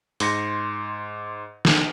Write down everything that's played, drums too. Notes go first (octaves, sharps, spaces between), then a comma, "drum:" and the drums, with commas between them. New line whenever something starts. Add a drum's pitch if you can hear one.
G#2 C6 A#6 C#7, drum: open hi-hat
drum: snare